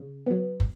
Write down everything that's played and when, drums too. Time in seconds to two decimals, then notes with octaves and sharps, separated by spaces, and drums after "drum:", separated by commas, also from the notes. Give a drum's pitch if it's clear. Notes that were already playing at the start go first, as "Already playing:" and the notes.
Already playing: C#3
0.26 F#3 B3
0.60 drum: kick